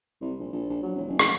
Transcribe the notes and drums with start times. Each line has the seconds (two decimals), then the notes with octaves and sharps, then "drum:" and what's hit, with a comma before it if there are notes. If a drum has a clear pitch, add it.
0.21 C2
0.40 A#1
0.53 A#1
0.70 A#1
0.83 F#3
0.96 E1
1.08 F#1
1.19 drum: rim click